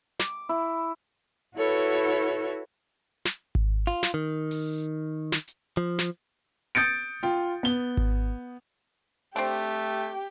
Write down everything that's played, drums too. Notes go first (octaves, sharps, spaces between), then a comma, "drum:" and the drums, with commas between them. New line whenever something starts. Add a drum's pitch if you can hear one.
D6, drum: snare
E4
E4 F#4 A4 B4 C#5
drum: snare
drum: kick G#1
F4
drum: snare
D#3
drum: open hi-hat
drum: snare
drum: hi-hat
F3
drum: snare
D#6 G6 A6 C#7 D7
F4 G5
B3 G7
drum: kick G#1
A3 C4 D4 G4, drum: open hi-hat